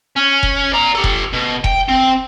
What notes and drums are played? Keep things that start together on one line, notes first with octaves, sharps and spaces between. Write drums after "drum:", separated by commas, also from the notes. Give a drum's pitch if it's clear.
C#4
drum: kick F1
D5 A#5
G4 A4
drum: kick F1
B2
G5, drum: kick F1
C4